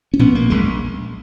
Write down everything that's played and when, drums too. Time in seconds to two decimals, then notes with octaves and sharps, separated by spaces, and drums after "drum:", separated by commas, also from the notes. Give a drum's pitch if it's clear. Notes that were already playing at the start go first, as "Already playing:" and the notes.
0.14 C#4
0.19 A#1 B3, drum: tom G#2
0.35 A#3
0.50 A#1 G#3